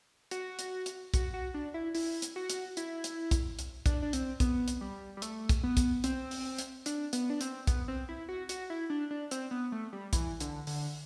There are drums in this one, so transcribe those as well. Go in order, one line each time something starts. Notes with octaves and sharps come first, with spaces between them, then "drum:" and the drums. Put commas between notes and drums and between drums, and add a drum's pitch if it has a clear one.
F#4, drum: hi-hat
drum: hi-hat
drum: hi-hat
F#4, drum: kick, hi-hat
F#4
D4
E4
E4, drum: open hi-hat
drum: hi-hat
F#4
drum: hi-hat
E4, drum: hi-hat
drum: hi-hat
drum: kick, hi-hat
drum: hi-hat
D4, drum: kick, hi-hat
D4
C4, drum: hi-hat
B3, drum: kick, hi-hat
drum: hi-hat
G3
G3
A3, drum: hi-hat
drum: kick, hi-hat
B3
drum: kick, hi-hat
C4, drum: hi-hat
drum: open hi-hat
drum: hi-hat
D4, drum: hi-hat
B3, drum: hi-hat
D4
C4, drum: hi-hat
B3, drum: kick, hi-hat
C4
E4
F#4
F#4, drum: hi-hat
E4
D4
D4
C4, drum: hi-hat
B3
A3
G3
E3, drum: kick, hi-hat
D3, drum: hi-hat
D3, drum: open hi-hat